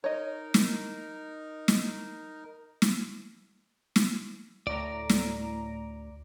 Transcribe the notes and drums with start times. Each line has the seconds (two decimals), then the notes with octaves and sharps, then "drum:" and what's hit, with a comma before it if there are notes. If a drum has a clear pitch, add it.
0.04 D#4 A#4 C#5 D#5
0.54 drum: snare
1.68 drum: snare
2.82 drum: snare
3.96 drum: snare
4.67 D2 A2 D5 A#5
5.09 drum: snare